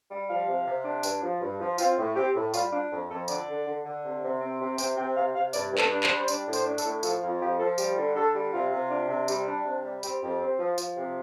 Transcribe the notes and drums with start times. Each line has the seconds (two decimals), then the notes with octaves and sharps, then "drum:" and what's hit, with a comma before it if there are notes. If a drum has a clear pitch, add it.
0.10 G3
0.29 F3 F5
0.47 C3
0.66 C3
0.85 D4
1.03 G2, drum: tambourine
1.22 F3
1.41 G2
1.60 F3
1.78 C4 F4, drum: tambourine
1.98 A2
2.16 C4 G4
2.35 A2
2.54 G3 F4, drum: tambourine
2.72 D4 F4
2.91 F2
3.09 F2 A4
3.28 D3 D5, drum: tambourine
3.48 D3
3.66 D3
3.84 D3
4.03 C3
4.22 C3
4.40 C4
4.60 C3
4.78 C3 G5, drum: tambourine
4.97 C3 G5
5.16 C3 F5
5.35 C3 F5
5.53 G2 D5, drum: tambourine
5.72 G2
5.78 A4, drum: clap
5.91 D4
6.03 C5, drum: clap
6.10 G3
6.19 C5
6.28 D4 D5, drum: tambourine
6.47 A2
6.53 C5, drum: tambourine
6.66 D4
6.78 A4, drum: tambourine
6.84 A2
7.03 F3 A4, drum: tambourine
7.22 F2 F4
7.41 F3 G4
7.59 F3 A4
7.78 G3 G4, drum: tambourine
7.97 D3
8.15 D3 A4
8.34 G3
8.53 C3 F4
8.72 C3
8.90 D4
9.09 C3
9.28 G3, drum: tambourine
9.47 D4
9.65 C3
9.84 G3
10.03 C4 G4, drum: tambourine
10.21 F2
10.40 C4
10.59 F3
10.78 F3, drum: tambourine
10.96 C3